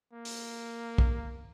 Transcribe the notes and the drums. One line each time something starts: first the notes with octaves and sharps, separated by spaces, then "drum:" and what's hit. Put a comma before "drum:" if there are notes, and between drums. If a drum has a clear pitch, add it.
A#3
drum: open hi-hat
drum: kick